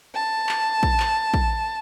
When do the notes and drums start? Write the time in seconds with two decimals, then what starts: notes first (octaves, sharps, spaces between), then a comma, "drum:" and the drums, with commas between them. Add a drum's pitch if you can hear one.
0.15 A5
0.49 drum: clap
0.83 drum: kick
1.00 drum: clap
1.34 drum: kick